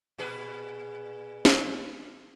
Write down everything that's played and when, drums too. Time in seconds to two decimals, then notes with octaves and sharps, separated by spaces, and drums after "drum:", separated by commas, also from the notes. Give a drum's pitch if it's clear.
0.18 A#2 G#4 B4
1.45 drum: snare